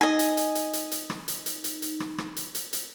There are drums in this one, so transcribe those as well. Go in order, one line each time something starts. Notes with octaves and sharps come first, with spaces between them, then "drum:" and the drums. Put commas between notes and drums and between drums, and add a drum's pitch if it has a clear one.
D#4 D#5 G#5
drum: hi-hat
drum: hi-hat
drum: hi-hat
drum: hi-hat
drum: hi-hat
drum: rim click
drum: hi-hat
drum: hi-hat
drum: hi-hat
drum: hi-hat
drum: rim click
drum: rim click
drum: hi-hat
drum: hi-hat
drum: hi-hat